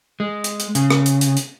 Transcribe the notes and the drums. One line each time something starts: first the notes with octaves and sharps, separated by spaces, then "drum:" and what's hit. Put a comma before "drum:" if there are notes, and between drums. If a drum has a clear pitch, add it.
G#3
drum: hi-hat
drum: hi-hat
C#3, drum: hi-hat
drum: rim click
drum: hi-hat
drum: hi-hat
drum: hi-hat